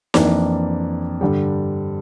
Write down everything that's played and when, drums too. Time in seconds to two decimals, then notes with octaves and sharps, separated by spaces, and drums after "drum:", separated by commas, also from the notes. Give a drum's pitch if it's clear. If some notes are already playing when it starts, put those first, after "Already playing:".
0.14 F2 E3 A#3 D4, drum: snare
1.21 G2 D3 G3